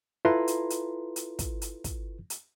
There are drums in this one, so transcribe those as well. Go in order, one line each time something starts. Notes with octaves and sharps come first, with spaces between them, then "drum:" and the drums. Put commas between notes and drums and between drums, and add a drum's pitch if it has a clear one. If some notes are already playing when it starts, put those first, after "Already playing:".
E4 F4 A4 B4 A#5 C6
drum: hi-hat
drum: hi-hat
drum: hi-hat
drum: kick, hi-hat
drum: hi-hat
drum: kick, hi-hat
drum: hi-hat